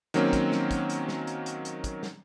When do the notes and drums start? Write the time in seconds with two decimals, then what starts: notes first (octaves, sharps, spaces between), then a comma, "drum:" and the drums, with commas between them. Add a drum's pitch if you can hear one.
0.14 D#3 F#3 A#3 C4 C#4, drum: hi-hat
0.33 drum: kick, hi-hat
0.52 drum: snare
0.71 drum: kick, hi-hat
0.90 drum: hi-hat
1.08 drum: snare
1.27 drum: hi-hat
1.46 drum: hi-hat
1.65 drum: hi-hat
1.84 drum: kick, hi-hat
2.03 drum: snare